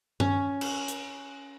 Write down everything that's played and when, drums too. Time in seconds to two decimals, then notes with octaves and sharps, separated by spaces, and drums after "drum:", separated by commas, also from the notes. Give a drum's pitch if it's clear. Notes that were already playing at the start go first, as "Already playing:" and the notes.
0.20 C#4, drum: tom G2
0.61 drum: cymbal
0.88 drum: hi-hat